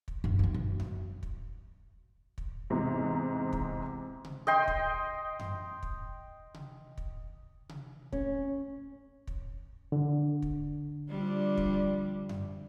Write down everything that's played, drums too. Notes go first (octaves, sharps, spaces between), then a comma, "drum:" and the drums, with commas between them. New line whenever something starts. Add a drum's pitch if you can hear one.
drum: kick
F#2
D#3 A#3
F#2
drum: tom F#2
drum: kick
drum: kick
E2 G#2 C3
drum: kick
drum: tom C3
D#5 G5 C6
drum: kick
drum: tom F#2
drum: kick
drum: tom C3
drum: kick
drum: tom C3
C#4, drum: kick
drum: kick
D3
drum: kick
F3 G3 D4
drum: kick
drum: tom F#2